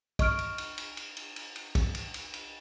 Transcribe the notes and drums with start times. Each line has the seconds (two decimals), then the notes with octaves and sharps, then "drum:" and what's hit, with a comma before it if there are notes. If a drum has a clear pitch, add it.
0.19 D#5 C#6 F6 D7, drum: kick, cymbal
0.39 drum: cymbal
0.58 drum: cymbal
0.78 drum: cymbal
0.97 drum: cymbal
1.17 drum: cymbal
1.36 drum: cymbal
1.56 drum: cymbal
1.75 drum: kick, cymbal
1.95 drum: cymbal
2.14 drum: cymbal
2.34 drum: cymbal